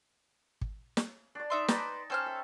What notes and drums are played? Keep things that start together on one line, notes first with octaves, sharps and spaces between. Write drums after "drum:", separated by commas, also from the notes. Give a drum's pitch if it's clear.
drum: kick
drum: snare
D4 D5
D#4 E5 C6
D#4 B4 C5 D5 G#5 A5, drum: snare
C#4 A4 C5 C#5 G5 F6
E5